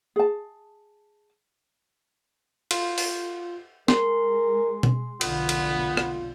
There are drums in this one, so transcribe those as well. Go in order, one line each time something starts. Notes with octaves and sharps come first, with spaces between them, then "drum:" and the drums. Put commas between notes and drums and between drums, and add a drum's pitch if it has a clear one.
G#4 A5
F4, drum: cymbal
drum: open hi-hat
G#3 A#4 C6, drum: snare
drum: tom B2
F1 B1 D3 B3 F4, drum: cymbal
drum: cymbal
drum: rim click